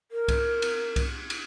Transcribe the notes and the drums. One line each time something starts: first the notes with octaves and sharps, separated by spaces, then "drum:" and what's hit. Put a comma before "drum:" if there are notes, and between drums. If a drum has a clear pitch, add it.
A#4
drum: kick C2, cymbal
drum: cymbal
drum: kick C2, cymbal
drum: cymbal